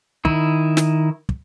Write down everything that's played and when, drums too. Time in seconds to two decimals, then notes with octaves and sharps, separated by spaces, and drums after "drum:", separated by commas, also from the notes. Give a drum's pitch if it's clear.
0.25 D#3 E4, drum: kick
0.77 drum: snare
1.29 drum: kick